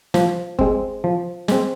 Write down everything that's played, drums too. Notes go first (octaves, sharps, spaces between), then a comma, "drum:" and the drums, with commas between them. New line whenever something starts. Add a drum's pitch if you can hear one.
F3, drum: snare
G#3 C4, drum: kick G1
F3
G#3 C4, drum: snare